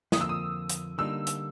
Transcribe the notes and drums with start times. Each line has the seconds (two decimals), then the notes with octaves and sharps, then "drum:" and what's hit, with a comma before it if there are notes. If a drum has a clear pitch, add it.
0.12 F2 D3 F3 A#3 D4 D#6, drum: snare
0.21 E6
0.29 D#6
0.70 drum: hi-hat
0.98 D3 G3 A#3 D#4 E6
1.27 drum: hi-hat